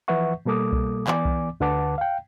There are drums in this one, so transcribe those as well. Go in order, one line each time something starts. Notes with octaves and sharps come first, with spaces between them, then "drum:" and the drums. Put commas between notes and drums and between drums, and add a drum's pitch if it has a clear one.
E3 F3 B4 E5 F#5 C#6
B2 G3 A#3 A4 D6 D#6
drum: kick C2
E3 B3 D5 G#5 D6, drum: clap
drum: kick C2
D2 D3 B4 F#5 A5 D6
F5 G5